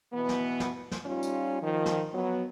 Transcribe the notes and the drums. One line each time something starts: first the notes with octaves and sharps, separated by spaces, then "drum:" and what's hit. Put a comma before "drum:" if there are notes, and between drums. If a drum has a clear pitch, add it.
B2 E3 B3
drum: snare
drum: snare
drum: snare
G3 C#4 D#4 F4
drum: tambourine
D#3 F3
drum: snare
F#3 B3